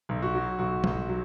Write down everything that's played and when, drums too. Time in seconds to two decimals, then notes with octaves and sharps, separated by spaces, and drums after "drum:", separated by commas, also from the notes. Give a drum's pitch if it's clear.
0.09 B1
0.22 F#4
0.35 F#3
0.59 B1 F#4
0.84 B1, drum: tom F#3
1.09 F#3